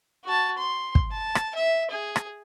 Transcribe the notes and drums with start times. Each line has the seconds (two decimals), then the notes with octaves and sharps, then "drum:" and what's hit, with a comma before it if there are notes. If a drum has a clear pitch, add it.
0.24 F#4 A5
0.58 C6
0.95 drum: kick
1.12 A5
1.35 drum: rim click
1.55 E5
1.91 G#4
2.16 drum: rim click